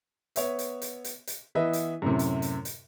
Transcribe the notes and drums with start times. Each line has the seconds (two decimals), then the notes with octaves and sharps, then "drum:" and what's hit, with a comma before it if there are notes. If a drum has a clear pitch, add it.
0.36 B3 C#5 E5, drum: hi-hat
0.59 drum: hi-hat
0.82 drum: hi-hat
1.04 drum: hi-hat
1.27 drum: hi-hat
1.55 E3 B3 B4 D#5 E5
1.73 drum: hi-hat
2.02 F#2 A2 C3
2.19 drum: hi-hat
2.42 drum: hi-hat
2.65 drum: hi-hat